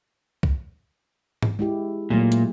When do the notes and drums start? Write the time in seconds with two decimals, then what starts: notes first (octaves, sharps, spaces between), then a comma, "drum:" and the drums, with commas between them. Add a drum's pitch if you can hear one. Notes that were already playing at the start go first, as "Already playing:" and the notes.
0.43 drum: kick C2
1.43 drum: tom G#2
1.59 G#3 E4 G4
2.10 A#2 F#3 G#3 A3
2.32 drum: hi-hat